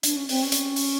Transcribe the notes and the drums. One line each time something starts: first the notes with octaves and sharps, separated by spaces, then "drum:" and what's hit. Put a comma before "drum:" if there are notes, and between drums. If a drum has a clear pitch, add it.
D4, drum: hi-hat
C#4
C4, drum: open hi-hat
C#4
drum: hi-hat
drum: open hi-hat